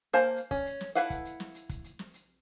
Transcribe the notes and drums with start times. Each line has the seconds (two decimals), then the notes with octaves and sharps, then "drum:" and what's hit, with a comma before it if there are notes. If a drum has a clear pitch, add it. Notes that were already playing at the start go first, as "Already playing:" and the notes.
0.13 A#3 C5 F5 G#5 A5
0.36 drum: hi-hat
0.51 C#4, drum: kick, hi-hat
0.66 drum: hi-hat
0.81 drum: snare
0.95 E4 A4 B4 F5 F#5, drum: hi-hat
1.10 drum: kick, hi-hat
1.25 drum: hi-hat
1.40 drum: snare
1.55 drum: hi-hat
1.69 drum: kick, hi-hat
1.84 drum: hi-hat
1.99 drum: snare
2.14 drum: hi-hat